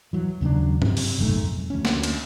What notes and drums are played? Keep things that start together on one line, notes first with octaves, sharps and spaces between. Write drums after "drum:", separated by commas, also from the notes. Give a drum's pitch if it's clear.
E3 F#3
D#2 C#3 F#3 D4
C3, drum: tom G2
drum: open hi-hat
F#1 B1 G#2 A3
F2
D2 C#4
drum: snare
drum: cymbal